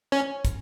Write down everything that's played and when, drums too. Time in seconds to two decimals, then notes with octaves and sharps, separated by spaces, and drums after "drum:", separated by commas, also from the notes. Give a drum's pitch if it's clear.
0.12 C#4
0.45 drum: kick, hi-hat